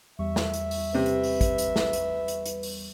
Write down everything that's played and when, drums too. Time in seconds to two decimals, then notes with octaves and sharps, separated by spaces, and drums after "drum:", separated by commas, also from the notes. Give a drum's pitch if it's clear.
0.19 E2 G3 E5 C#6
0.36 drum: snare
0.54 drum: hi-hat
0.71 drum: open hi-hat
0.94 C3 B4
1.06 drum: hi-hat
1.23 drum: open hi-hat
1.41 drum: kick, hi-hat
1.58 drum: hi-hat
1.76 drum: snare
1.93 drum: hi-hat
2.28 drum: hi-hat
2.46 drum: hi-hat
2.63 drum: open hi-hat